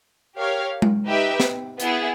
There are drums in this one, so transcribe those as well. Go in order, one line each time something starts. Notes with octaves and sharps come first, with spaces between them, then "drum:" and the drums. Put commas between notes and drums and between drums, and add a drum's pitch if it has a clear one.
G4 A#4 C#5 F5
drum: tom G#3
D#4 G4 B4 E5 G5
drum: snare
B3 E4 G#4, drum: hi-hat